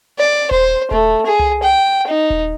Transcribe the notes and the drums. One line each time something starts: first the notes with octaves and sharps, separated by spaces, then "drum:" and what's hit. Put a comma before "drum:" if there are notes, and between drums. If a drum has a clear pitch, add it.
D5
C5, drum: kick D#1
A3, drum: kick D#1
G#4
drum: tom C2
G5
D#4
drum: kick D#1